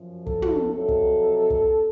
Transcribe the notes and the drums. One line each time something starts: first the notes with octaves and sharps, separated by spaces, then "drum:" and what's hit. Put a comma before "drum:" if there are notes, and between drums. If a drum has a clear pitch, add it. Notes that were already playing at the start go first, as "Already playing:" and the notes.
Already playing: F#2 F3
A4, drum: kick
drum: tom
F2 C3 F#3 A4
drum: kick
drum: kick